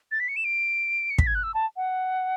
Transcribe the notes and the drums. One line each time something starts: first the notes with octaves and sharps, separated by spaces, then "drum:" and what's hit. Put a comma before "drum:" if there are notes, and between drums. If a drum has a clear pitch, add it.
A6
B6
C#7
E7
D7
C#7
B6, drum: kick
G#6
F#6
E6
A5
F#5